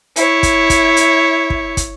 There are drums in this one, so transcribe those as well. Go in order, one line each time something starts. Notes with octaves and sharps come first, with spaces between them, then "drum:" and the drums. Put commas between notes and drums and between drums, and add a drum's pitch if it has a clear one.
E4 C#5, drum: hi-hat
drum: kick, hi-hat
drum: kick, hi-hat
drum: hi-hat
drum: kick
drum: kick, hi-hat